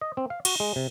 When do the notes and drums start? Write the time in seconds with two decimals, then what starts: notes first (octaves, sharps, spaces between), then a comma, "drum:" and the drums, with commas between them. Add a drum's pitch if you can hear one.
0.01 D#5
0.17 C4
0.30 F5
0.45 F#4, drum: cymbal
0.60 G#3
0.76 C3